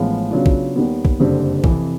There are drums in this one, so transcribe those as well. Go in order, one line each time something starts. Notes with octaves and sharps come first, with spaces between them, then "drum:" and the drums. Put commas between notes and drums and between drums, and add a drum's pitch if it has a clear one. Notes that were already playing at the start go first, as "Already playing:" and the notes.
Already playing: A1 A2 F3 G#3 B3
C#3 F#3 B3 D4 F4
drum: kick
D#2 D#3 G3 B3
drum: kick
F#1 F2 D3 G3 C4
F2 C3 E3, drum: kick